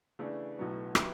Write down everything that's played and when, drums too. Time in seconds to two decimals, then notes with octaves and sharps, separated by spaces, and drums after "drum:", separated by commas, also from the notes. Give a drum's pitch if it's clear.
0.19 C#3 E3 A3 D4
0.57 B1 A2 F#3 B3 F#4
0.95 F#3 B3 E4 G4, drum: rim click